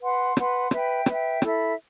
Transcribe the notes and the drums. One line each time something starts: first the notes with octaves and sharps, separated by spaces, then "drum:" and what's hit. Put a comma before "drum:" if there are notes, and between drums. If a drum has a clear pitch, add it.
B4 F#5 C6
B4 F#5 C6, drum: rim click
B4 E5 G5, drum: rim click
B4 E5 G5, drum: rim click
E4 A4 E5 B5, drum: rim click